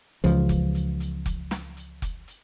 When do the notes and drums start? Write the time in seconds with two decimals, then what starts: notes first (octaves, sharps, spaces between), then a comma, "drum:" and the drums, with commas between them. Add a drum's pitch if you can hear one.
0.24 C#2 C#3 E3 F3, drum: hi-hat
0.49 drum: kick F1, hi-hat
0.75 drum: hi-hat
1.00 drum: hi-hat
1.26 drum: kick F1, hi-hat
1.51 drum: snare
1.77 drum: hi-hat
2.02 drum: kick F1, hi-hat
2.28 drum: hi-hat